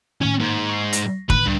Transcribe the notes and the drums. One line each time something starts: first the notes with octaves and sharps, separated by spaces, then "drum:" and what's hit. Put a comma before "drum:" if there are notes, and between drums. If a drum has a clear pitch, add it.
A2 D#3 C#4 G#5
G#2 A#3
C#6 C7
A#6, drum: hi-hat
A2 D3 D#3 B4, drum: kick
C#2 G2